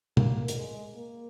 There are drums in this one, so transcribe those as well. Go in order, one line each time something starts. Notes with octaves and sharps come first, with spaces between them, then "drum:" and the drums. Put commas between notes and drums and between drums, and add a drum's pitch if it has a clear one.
A#3, drum: tom
drum: hi-hat
G#3
A#3